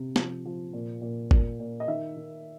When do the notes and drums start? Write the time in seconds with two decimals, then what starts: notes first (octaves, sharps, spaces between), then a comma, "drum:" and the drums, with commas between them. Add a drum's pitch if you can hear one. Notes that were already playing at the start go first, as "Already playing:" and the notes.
Already playing: C3
0.16 F3, drum: snare
0.45 F3
0.73 A#2
1.01 A#2
1.31 A#2, drum: kick G#1
1.60 A#2
1.80 D#5
1.88 D#3 E5
2.17 D#3